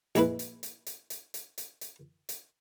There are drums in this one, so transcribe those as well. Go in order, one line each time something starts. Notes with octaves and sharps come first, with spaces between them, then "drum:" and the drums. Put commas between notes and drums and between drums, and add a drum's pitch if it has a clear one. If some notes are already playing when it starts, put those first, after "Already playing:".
A#1 G#3 E4 B4, drum: hi-hat
drum: hi-hat
drum: hi-hat
drum: hi-hat
drum: hi-hat
drum: hi-hat
drum: hi-hat
drum: hi-hat
drum: hi-hat